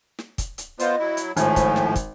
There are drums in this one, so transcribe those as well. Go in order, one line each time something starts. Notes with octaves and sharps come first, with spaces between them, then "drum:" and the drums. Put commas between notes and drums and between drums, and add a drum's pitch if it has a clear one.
drum: snare
drum: kick, hi-hat
drum: hi-hat
B3 F4 C5 D#5, drum: hi-hat
F#3 E4
drum: hi-hat
G#1 A2 F3 A3 G#5, drum: hi-hat
drum: kick, hi-hat
drum: snare
drum: kick, hi-hat